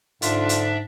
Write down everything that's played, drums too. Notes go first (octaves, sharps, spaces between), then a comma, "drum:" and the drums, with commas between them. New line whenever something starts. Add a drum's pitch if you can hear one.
G#2 D3 D4 F4 E5, drum: hi-hat
drum: hi-hat